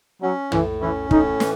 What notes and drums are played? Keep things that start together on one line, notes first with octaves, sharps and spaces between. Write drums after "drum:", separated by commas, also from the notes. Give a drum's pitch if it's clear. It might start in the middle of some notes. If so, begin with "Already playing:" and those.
F#3 C#4
A2 E3, drum: tom
E3 C#4
A2 D#4, drum: kick
E3, drum: snare